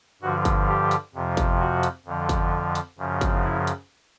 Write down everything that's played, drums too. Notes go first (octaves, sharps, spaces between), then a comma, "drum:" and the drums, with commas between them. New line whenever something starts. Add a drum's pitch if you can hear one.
G2 D3 F3 F#4
drum: kick G1, hi-hat
G4
drum: hi-hat
F2 C3 F3
drum: kick G1, hi-hat
F#4
drum: hi-hat
F2 D3 F3
drum: kick G1, hi-hat
drum: hi-hat
F#2 C#3 F3
drum: kick G1, hi-hat
E4
drum: hi-hat